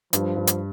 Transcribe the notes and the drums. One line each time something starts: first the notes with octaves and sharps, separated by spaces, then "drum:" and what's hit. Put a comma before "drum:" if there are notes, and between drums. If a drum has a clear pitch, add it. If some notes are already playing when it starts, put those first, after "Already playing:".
G2 F3, drum: hi-hat
G2
drum: hi-hat